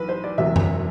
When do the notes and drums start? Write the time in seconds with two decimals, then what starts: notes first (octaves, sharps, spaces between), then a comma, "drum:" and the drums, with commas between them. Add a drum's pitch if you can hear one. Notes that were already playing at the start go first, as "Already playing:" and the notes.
Already playing: B1 E3 B4
0.09 C5
0.24 D5
0.38 E1 E2 C3 F#3 E5
0.56 drum: tom F#2